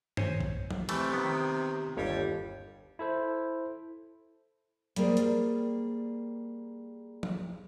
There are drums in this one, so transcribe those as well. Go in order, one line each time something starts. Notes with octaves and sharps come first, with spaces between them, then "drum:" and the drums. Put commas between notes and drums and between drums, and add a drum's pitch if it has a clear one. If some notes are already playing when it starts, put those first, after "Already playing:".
C5 C#5 G#5, drum: tom G2
drum: kick
drum: tom F3
C3 E3 A3, drum: cymbal
D#3 B3
G1 D#2 G3 C#5
E4 A4 C5
G3 A#3 G#4 A#4 C5 D5, drum: hi-hat
drum: hi-hat
drum: tom F3